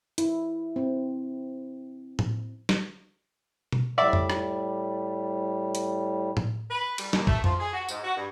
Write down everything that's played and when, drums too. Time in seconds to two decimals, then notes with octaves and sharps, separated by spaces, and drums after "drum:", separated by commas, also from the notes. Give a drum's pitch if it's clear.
0.18 E4, drum: hi-hat
0.76 C4
2.19 drum: tom A2
2.69 drum: snare
3.72 drum: tom B2
3.98 A2 G3 D5 E5
4.13 drum: tom F2
4.30 drum: rim click
5.75 drum: hi-hat
6.37 drum: tom A2
6.71 B4
6.98 G3, drum: cymbal
7.13 D#2, drum: snare
7.27 A3, drum: kick A#1
7.44 F3, drum: tom F2
7.59 G#4
7.73 F#4
7.89 G#2, drum: tambourine
8.04 F#4
8.16 G2